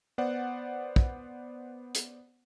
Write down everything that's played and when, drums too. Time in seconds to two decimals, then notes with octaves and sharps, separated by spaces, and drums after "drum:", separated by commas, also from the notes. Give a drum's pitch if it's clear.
0.18 B3 C5 D5 F#5
0.96 drum: kick
1.95 drum: hi-hat